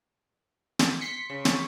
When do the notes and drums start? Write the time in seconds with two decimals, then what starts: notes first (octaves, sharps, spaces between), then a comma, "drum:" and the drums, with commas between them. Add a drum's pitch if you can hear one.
0.79 drum: snare
1.01 C6 B6 C#7
1.30 C#3
1.45 drum: snare